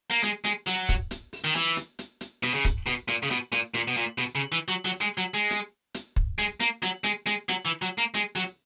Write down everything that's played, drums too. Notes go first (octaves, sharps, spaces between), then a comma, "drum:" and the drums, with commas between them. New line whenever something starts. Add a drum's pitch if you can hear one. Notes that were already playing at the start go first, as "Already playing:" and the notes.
A#3
G#3, drum: hi-hat
G#3, drum: hi-hat
F#3, drum: open hi-hat
drum: kick, hi-hat
drum: hi-hat
drum: open hi-hat
D#3
E3, drum: hi-hat
drum: hi-hat
drum: hi-hat
drum: hi-hat
B2, drum: hi-hat
C#3
drum: kick, hi-hat
B2, drum: open hi-hat
A#2, drum: hi-hat
C#3
B2, drum: hi-hat
A#2, drum: hi-hat
A#2, drum: hi-hat
B2
A#2
B2, drum: open hi-hat
C#3
E3
F#3
F#3, drum: open hi-hat
G#3
F#3
G#3
drum: hi-hat
drum: hi-hat
drum: kick
G#3, drum: open hi-hat
A#3, drum: hi-hat
F#3, drum: hi-hat
G#3, drum: hi-hat
G#3, drum: hi-hat
F#3, drum: hi-hat
E3
F#3
A#3
G#3, drum: hi-hat
F#3, drum: open hi-hat